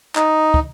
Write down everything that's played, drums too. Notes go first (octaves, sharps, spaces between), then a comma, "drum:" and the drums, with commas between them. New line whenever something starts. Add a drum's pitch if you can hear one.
D#4, drum: clap
drum: kick